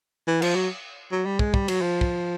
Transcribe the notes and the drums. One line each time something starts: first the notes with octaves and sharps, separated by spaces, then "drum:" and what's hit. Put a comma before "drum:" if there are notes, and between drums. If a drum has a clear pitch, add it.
E3
F3, drum: cymbal
F#3
F#3
G3
G#3, drum: kick
G3, drum: kick
F#3, drum: cymbal
F3
drum: kick